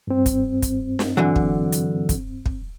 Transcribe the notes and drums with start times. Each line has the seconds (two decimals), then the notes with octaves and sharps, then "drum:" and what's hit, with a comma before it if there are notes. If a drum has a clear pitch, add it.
0.07 G2 C4
0.26 drum: kick, hi-hat
0.62 drum: kick, hi-hat
0.99 drum: snare
1.17 D3 E3 F#3
1.36 drum: kick
1.72 drum: hi-hat
2.09 drum: kick, hi-hat
2.46 drum: kick